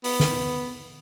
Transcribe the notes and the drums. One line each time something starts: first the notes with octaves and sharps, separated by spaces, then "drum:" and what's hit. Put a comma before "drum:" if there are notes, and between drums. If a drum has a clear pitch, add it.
B3, drum: open hi-hat
drum: snare